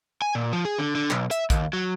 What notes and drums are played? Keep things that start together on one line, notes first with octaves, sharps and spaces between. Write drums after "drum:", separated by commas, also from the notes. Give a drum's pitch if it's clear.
G#5
A#2
F3
G#4
D3
D3
B1, drum: clap
E5, drum: hi-hat
D#2, drum: kick, hi-hat
F#3